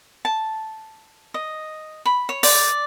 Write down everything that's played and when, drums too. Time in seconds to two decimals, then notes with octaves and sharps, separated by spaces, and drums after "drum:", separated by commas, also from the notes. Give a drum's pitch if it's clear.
0.25 A5
1.34 D#5
2.06 B5
2.29 C#5
2.43 D5, drum: open hi-hat